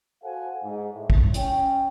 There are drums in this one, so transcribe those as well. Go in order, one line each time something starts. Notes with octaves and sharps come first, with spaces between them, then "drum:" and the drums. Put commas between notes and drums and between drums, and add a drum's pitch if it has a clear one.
F#4 A4 C5 F5 F#5 G#5
G#2
A2
drum: kick
C#4 G5, drum: hi-hat